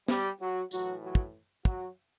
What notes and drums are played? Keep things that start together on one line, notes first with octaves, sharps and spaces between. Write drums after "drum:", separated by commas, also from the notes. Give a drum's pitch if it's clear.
G3 G4, drum: snare B3
F#3 F#4
A2 E3 F#3 F#4, drum: tambourine
F#3 F#4
drum: kick
F#3 F#4, drum: kick